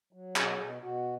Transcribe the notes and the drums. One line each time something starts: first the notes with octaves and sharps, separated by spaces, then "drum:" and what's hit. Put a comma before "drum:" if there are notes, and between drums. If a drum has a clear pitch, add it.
F#3
B2 G#4, drum: clap
B2
B2 F#4